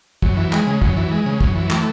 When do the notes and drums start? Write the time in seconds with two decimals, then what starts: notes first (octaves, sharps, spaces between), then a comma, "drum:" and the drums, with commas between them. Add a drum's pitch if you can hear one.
0.22 F#2, drum: kick
0.37 E3
0.53 G#3, drum: clap
0.67 C#3
0.82 F#2, drum: kick
0.97 E3
1.11 G#3
1.26 C#3
1.41 F#2, drum: kick
1.55 E3
1.70 A3, drum: clap